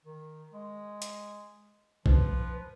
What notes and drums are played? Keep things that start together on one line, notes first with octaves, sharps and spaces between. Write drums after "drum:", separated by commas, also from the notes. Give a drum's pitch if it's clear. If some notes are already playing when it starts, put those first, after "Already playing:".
D#3
G#3
drum: hi-hat
F3 B4, drum: kick